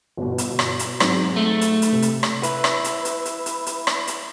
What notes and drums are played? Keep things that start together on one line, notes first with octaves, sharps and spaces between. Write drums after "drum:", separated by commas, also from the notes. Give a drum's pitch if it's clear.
G1 B2
drum: hi-hat
drum: rim click
drum: hi-hat
G#2 F#3 C4, drum: rim click
A3
drum: hi-hat
drum: hi-hat
C3
drum: hi-hat
drum: rim click
E4 B4, drum: hi-hat
drum: rim click
drum: hi-hat
drum: hi-hat
drum: hi-hat
drum: hi-hat
drum: hi-hat
drum: rim click
drum: hi-hat